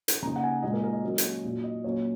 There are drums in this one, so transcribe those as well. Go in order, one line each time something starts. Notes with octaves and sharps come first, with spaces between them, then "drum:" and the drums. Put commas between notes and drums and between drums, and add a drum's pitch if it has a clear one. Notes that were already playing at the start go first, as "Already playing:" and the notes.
drum: hi-hat
C#3 A#3 D#4 A#5
F#5
G#5
A#2 G#3 D#4 D#5
A#4
A#4
D#5
F#3 A#3 C#4
drum: hi-hat
A#2 F#3 D#4
D#5
A#2 F#3 A#3 C#4 C#5